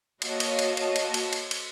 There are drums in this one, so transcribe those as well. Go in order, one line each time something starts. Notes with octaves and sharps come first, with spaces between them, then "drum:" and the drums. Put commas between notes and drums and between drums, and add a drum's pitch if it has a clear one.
A#3 F#4 C#5 D#5 F5 A5, drum: cymbal
drum: cymbal
drum: cymbal
drum: cymbal
drum: cymbal
drum: cymbal
drum: cymbal
drum: cymbal